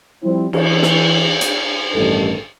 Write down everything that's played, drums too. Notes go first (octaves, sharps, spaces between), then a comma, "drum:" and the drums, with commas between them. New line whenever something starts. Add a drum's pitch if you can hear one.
F3 G3 C4 E4
E3, drum: cymbal
drum: snare
drum: hi-hat
A1 G2 D#3 A4